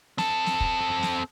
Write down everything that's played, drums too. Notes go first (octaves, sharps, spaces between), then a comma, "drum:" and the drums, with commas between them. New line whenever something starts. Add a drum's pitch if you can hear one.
C4 A4, drum: snare
drum: snare
drum: kick
drum: snare